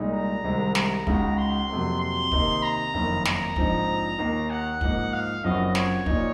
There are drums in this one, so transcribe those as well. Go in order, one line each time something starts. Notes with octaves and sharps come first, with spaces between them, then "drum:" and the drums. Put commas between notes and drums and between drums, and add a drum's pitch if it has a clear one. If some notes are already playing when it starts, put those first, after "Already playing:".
Already playing: C2 A#2 G#3 D#4
A#5
C2 C3 D#3 G#3 C4
A#5, drum: snare
C#2 C#3 G#3 D#4 F#4, drum: kick
C6
F2 C3 F#3 A#3
C6
C3 D#3 A#3 D#4, drum: kick
A#5
F#1 F2 D#3 A#3
A#5, drum: snare
A#1 G#2 F3 C4 D#4, drum: kick
D#2 D#3 A#3 D#4
F#5
G#2 F3 A#3 D#4, drum: kick
F5
F#1 F#2 F3 C4 F#4 D#5
C#5, drum: snare
A#2 F3 A#3 D#4, drum: kick